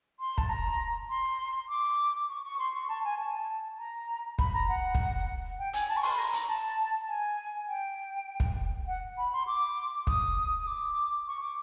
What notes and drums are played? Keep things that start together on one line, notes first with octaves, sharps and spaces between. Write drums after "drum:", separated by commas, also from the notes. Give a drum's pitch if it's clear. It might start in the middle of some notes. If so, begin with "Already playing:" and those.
C6
A5, drum: kick
A#5
C6
D6
C#6
C#6
C6
C#6
A5
G#5
A5
A#5
B5, drum: kick
A#5
F#5
drum: kick
G5
G#5, drum: hi-hat
A5
C#6
C6, drum: open hi-hat
B5
A#5
A#5, drum: hi-hat
A5
G#5
G5
drum: kick
F#5
B5
C6
D6
D#6, drum: kick
D#6
D6
C#6
D6